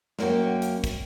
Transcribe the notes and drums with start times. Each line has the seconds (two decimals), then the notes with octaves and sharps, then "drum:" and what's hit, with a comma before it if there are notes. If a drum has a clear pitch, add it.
0.19 F#2 A#3 C#4 F#4 G5, drum: snare
0.62 drum: hi-hat
0.84 drum: kick, hi-hat